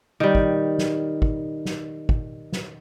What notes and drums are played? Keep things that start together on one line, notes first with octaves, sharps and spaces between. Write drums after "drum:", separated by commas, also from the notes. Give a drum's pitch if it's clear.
D#3 G3
drum: kick
drum: snare
drum: kick
drum: snare
drum: kick
drum: snare